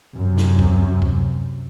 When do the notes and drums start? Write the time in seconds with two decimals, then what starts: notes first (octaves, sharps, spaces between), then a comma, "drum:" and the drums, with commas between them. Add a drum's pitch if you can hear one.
0.16 F#2 C3
0.37 drum: snare
0.59 drum: kick C#2
1.02 drum: kick C#2